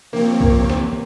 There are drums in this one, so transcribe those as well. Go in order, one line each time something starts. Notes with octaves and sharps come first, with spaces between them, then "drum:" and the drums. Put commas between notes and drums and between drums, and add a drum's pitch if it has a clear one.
C3 F3 A#3 C4 G4 C#5
A#3, drum: kick B1
drum: snare